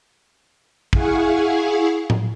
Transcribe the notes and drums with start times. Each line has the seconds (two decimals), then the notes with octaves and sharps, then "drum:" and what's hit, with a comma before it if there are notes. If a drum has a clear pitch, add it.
0.93 E4 G#4 F5 F#5 G#5 C#6, drum: kick
2.10 drum: tom A2